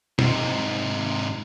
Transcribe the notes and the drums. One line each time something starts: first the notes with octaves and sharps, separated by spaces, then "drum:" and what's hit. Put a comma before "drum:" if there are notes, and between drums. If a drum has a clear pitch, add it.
G#2 C3, drum: tom B2